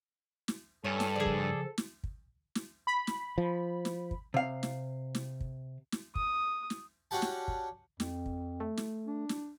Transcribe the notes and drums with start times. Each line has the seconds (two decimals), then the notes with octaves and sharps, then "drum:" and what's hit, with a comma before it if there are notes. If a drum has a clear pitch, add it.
0.48 drum: snare
0.84 G2 A4 C#5 G#5
1.00 drum: snare
1.16 C#3 F3 G#4 D5
1.26 drum: kick
1.78 drum: snare
2.04 drum: kick
2.55 drum: snare
2.87 B5
3.07 drum: snare
3.38 F3
3.85 drum: snare
4.11 drum: kick
4.34 C3 F5
4.63 drum: snare
5.15 drum: snare
5.40 drum: kick
5.92 drum: snare
6.15 D#6, drum: kick
6.70 drum: snare
7.11 C#4 D4 F#4 G4 A5
7.22 drum: snare
7.48 drum: kick
8.00 F2, drum: snare
8.26 drum: kick
8.60 A3
8.77 drum: snare
9.07 D4
9.29 drum: snare